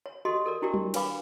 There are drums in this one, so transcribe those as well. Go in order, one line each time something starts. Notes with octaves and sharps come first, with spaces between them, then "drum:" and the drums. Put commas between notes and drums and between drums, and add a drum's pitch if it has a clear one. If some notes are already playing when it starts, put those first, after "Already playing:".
C#5
F#4 G4 A4 D#5 C6
A4 A#4 D5
D4 E4 F#4 G4 A#4 D5
drum: tom F#3
D4 B4 C#5 F5 B5 D6, drum: cymbal